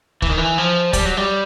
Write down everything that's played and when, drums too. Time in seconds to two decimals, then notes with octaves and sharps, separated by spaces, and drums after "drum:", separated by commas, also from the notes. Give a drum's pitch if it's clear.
0.22 E3, drum: kick
0.30 D#3
0.38 E3
0.58 F3
0.93 G3, drum: kick, hi-hat
1.05 F#3
1.17 G3